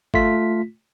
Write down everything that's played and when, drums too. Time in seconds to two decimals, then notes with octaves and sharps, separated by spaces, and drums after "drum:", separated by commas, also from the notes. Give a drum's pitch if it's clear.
0.14 A3 F4 B6, drum: kick G1